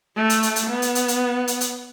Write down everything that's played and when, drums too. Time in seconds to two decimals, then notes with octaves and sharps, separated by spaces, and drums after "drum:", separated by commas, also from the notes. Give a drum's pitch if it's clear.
0.16 A3
0.30 drum: hi-hat
0.43 drum: hi-hat
0.56 drum: hi-hat
0.69 B3
0.82 drum: hi-hat
0.95 drum: hi-hat
1.08 drum: hi-hat
1.48 drum: hi-hat
1.61 drum: hi-hat